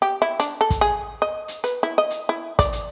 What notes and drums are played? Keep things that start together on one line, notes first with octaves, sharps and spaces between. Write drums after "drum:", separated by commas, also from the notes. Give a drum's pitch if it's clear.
G4
E4
D4, drum: hi-hat
A4
drum: kick, hi-hat
G#4
D#5
drum: hi-hat
B4, drum: hi-hat
E4
D#5
drum: hi-hat
E4
D5, drum: kick, hi-hat
drum: hi-hat